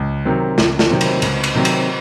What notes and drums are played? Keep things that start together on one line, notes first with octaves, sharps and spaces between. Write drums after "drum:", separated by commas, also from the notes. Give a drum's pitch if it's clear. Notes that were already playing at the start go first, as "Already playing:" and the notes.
Already playing: C#2
C3 D#3 F#3 C4
C#2, drum: snare
drum: snare
C3 D#3 F#3 C4
drum: cymbal
C#2, drum: cymbal
drum: cymbal
C3 D#3 F#3 C4
drum: cymbal